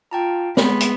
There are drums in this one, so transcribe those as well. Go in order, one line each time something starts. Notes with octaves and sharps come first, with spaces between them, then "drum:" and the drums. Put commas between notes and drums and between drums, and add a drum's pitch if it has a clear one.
F4 G5 A5 A#5
G#3 B3 B5 C6, drum: snare
drum: hi-hat